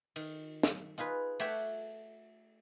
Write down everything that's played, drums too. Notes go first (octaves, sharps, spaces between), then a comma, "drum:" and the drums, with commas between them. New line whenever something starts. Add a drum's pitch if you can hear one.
D#3, drum: cymbal
drum: snare
D#4 F4 G#4 B4, drum: hi-hat
A3 C#5 D5 E5 F#5 G5, drum: cymbal